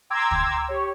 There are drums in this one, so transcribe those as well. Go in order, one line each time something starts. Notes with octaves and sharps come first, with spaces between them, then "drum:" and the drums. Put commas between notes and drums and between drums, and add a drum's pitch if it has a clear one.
G5 A#5 C6 D6 E6 G#6
drum: kick
G4 C#5